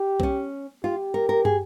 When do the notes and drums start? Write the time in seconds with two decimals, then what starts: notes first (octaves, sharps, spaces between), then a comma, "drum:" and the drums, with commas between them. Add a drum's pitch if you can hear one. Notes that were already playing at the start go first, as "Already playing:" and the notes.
Already playing: G4
0.20 C4, drum: kick B1
0.23 C#4
0.84 F4 G4
1.14 A#4
1.29 A#4
1.45 G#4, drum: tom